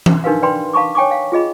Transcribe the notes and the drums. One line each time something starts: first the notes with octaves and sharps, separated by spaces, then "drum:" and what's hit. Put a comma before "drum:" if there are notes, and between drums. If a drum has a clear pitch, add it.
drum: tom E3
D4 D#4 G4 A#4 B4 F5
B4 D5 G5 B5 C6
F5 A5 B5 C#6 D6
C#5 G5 G#5 C#6 D6
F5
F4 G#4 D#5 B5